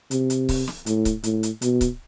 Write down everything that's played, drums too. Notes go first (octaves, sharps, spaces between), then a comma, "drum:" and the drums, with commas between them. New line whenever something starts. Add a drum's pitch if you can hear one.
C3, drum: hi-hat
drum: hi-hat
drum: kick C#1, open hi-hat
drum: snare
A2, drum: hi-hat
drum: kick C#1, hi-hat
A2, drum: hi-hat
drum: hi-hat
B2, drum: hi-hat
drum: kick C#1, hi-hat